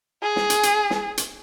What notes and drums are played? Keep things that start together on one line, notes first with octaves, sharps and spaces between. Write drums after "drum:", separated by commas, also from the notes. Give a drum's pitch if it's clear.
G#4
drum: snare
drum: hi-hat
drum: hi-hat
drum: snare
drum: hi-hat